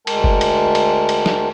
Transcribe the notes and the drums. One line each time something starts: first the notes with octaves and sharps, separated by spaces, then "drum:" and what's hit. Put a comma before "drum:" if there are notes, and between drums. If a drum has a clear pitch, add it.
D2 G#3 A#4 G5 A5, drum: cymbal
drum: kick F#1
drum: cymbal
drum: cymbal
drum: cymbal
drum: snare